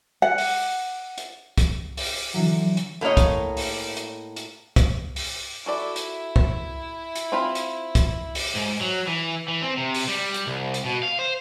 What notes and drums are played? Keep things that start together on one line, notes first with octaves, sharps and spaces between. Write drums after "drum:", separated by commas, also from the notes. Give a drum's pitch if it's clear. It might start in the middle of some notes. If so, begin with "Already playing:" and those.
F#5
drum: open hi-hat
drum: hi-hat
drum: kick, hi-hat
drum: open hi-hat
D3 E3 F#3
drum: hi-hat
A2 A#3 C#4 C#5 D#5
drum: kick, hi-hat
drum: open hi-hat
drum: hi-hat
drum: hi-hat
drum: kick, hi-hat
drum: open hi-hat
E4 F#4 A4 D5 E5
drum: hi-hat
drum: kick
drum: hi-hat
C4 F4 B5
drum: hi-hat
drum: kick, hi-hat
drum: open hi-hat
G#2
F#3
E3
E3
C4
C3
drum: open hi-hat
G3
drum: hi-hat
C2
drum: hi-hat
B2
F5
C5